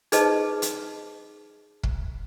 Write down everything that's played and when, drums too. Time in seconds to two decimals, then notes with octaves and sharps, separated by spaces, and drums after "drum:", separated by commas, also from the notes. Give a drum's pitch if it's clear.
0.12 D#4 G#4 B4 C5 D#5 A5, drum: hi-hat
0.62 drum: hi-hat
1.83 drum: kick